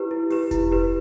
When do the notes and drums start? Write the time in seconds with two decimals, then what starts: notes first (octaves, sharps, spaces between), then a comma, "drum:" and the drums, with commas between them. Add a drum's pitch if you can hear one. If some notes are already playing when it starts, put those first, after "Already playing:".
Already playing: E4 G4 B4
0.11 E4
0.30 G4 B4, drum: open hi-hat
0.51 E4, drum: kick F1, hi-hat
0.72 G4 B4